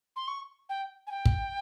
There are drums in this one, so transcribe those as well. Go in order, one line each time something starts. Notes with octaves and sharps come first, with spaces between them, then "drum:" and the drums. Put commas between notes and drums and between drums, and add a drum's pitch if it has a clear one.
C6
C#6
G5
G#5
G5
drum: kick